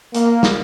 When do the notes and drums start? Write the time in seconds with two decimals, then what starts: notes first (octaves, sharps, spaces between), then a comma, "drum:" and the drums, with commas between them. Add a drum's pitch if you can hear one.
0.15 A#3, drum: hi-hat
0.43 drum: snare